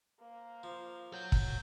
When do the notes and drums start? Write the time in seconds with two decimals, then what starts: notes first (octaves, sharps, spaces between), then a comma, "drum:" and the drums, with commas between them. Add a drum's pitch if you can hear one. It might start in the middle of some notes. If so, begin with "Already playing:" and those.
0.20 A#3 C5
0.63 F3
1.13 C#5 F#5 G6
1.32 drum: kick